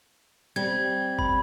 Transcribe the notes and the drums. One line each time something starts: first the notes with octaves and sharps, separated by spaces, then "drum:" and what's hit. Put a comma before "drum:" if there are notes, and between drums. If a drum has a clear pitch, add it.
G3 C4 G#6
B5, drum: kick G#1